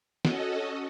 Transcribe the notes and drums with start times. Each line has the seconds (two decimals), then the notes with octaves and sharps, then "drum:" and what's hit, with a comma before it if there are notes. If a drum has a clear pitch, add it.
0.25 C#4 F#4 A4 D#5, drum: snare